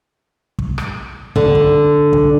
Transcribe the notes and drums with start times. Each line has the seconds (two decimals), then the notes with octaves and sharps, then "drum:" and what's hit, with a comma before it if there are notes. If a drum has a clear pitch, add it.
0.59 drum: kick
0.78 drum: rim click
1.36 D3, drum: kick
1.55 drum: kick
2.13 drum: kick